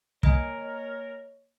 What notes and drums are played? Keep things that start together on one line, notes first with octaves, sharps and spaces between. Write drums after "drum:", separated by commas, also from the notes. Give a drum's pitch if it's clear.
A#3 A#4 C#5 D#5 G#5, drum: kick